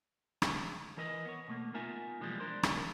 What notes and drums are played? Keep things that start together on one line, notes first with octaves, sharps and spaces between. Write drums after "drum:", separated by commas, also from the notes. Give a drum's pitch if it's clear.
drum: rim click
E3 E4 A#4 B4 D#5
B3 C#5
B2 A3 A#3
B3 D#4 F4 A#4 E5 G#5
B2 E3 F3 G3 G#3 A#3
D4 A#4 C5
drum: rim click